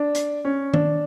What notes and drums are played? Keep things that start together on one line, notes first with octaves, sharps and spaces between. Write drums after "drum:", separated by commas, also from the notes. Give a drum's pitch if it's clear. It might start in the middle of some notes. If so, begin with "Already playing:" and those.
Already playing: D4
drum: hi-hat
C#4
D4, drum: tom D#3